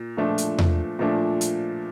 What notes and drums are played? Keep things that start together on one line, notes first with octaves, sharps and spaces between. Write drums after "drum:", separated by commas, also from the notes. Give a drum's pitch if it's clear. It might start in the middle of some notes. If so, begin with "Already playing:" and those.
Already playing: A#2
A#2 F3 A3 D4
drum: hi-hat
drum: tom E2
A#2 F3 A3 D4
drum: hi-hat